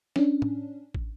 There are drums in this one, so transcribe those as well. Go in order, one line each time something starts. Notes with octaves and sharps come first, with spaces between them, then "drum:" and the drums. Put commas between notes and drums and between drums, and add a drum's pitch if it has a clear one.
C#4 D4, drum: snare
drum: tom
drum: kick